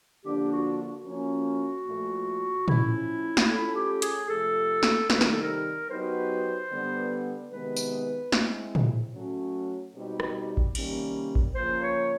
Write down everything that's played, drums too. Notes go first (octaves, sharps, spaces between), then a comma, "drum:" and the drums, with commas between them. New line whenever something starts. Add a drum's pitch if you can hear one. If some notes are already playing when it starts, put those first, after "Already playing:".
D3 F3 A#3 D4 G4
F#4
F#4
F3 A#3 C#4
A#2 F3 A3
F3 A3 C#4 E4, drum: tom
drum: snare
A3 C#4 E4 F4 A4
G4
G#4, drum: hi-hat
C3 F3 A3 A4
drum: snare
C3 D#3 G3 C4 D#4 B4, drum: snare
A#4, drum: snare
A4
A#4
F#3 B3 D#4 G4 B4 C5
D3 G3 B3
C3 D#3 G#3 B3 B4
drum: tambourine
G#3 C4 E4, drum: snare
drum: tom
F#3 A3 C#4
B2 G3 C4 D#4 G4
drum: rim click
drum: kick G#1
C3 D#3 G3 A#3 C#4, drum: cymbal
drum: kick G#1
C#3 F3 A#3 C5
C#5